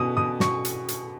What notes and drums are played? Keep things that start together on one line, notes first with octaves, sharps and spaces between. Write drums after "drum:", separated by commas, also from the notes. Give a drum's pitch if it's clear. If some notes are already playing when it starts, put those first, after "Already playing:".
Already playing: B2 B3 D#6
B2 D#6
B2 C#6, drum: snare
drum: hi-hat
drum: hi-hat